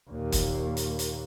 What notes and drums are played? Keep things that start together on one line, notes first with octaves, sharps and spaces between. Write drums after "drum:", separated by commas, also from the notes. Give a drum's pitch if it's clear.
D#2 A#2
drum: kick, hi-hat
drum: hi-hat
drum: hi-hat